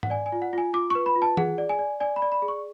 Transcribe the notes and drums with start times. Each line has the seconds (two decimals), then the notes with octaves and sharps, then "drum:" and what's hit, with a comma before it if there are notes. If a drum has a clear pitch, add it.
0.03 F#5, drum: tom G#2
0.10 D5 G#5
0.26 G#5
0.32 F4
0.42 F#5
0.53 F4 G#5
0.73 F4 D6
0.90 B4 C#6
1.06 B5
1.16 F4
1.22 A5
1.37 G#4 F#5, drum: tom E3
1.58 D5
1.69 G#5
1.79 D5
2.00 D5 G#5
2.16 B5
2.22 D5
2.32 B5
2.42 G#4
2.48 C#6